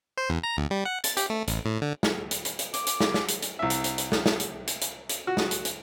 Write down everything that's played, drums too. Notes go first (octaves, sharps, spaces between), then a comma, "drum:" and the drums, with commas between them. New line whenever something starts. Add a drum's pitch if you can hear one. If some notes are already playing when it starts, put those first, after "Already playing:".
C5
E2
A#5
D2
G3
F#5
A6, drum: hi-hat
G4, drum: hi-hat
A3
A1, drum: hi-hat
A2
D3
drum: snare
drum: hi-hat
drum: hi-hat
drum: hi-hat
D6, drum: hi-hat
drum: hi-hat
drum: snare
drum: snare
drum: hi-hat
drum: hi-hat
C2 E5
drum: hi-hat
drum: hi-hat
drum: hi-hat
drum: snare
drum: snare
drum: hi-hat
drum: hi-hat
drum: hi-hat
drum: hi-hat
F#4
drum: snare
drum: hi-hat
drum: hi-hat